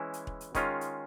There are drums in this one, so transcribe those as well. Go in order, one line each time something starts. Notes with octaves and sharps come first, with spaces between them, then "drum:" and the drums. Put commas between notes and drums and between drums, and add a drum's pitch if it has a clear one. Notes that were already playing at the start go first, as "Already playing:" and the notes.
Already playing: E3 G#3 C#4 E4
drum: hi-hat
drum: kick E1
drum: hi-hat
D#3 G#3 C#4 F4, drum: kick E1, hi-hat
drum: hi-hat